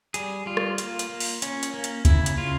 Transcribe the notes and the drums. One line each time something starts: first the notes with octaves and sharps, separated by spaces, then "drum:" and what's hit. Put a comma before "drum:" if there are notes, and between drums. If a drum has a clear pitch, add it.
G3 G#4, drum: hi-hat
G3 F4
drum: rim click
A#3, drum: hi-hat
drum: hi-hat
A#3
drum: open hi-hat
C#4, drum: hi-hat
drum: hi-hat
A#3
drum: hi-hat
C#3 E4, drum: kick D2, hi-hat
drum: hi-hat
C#3 F4